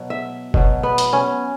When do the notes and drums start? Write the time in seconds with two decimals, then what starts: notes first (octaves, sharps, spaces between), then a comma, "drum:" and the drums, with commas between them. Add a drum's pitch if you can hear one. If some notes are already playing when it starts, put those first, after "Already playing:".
Already playing: B2 F#3
0.10 E5
0.54 B2 F#3, drum: kick
0.83 B3
0.98 drum: hi-hat
1.13 C#4